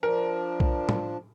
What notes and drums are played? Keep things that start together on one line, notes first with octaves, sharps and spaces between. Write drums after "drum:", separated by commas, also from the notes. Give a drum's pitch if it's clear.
F3 D4 A#4
drum: kick B1
drum: tom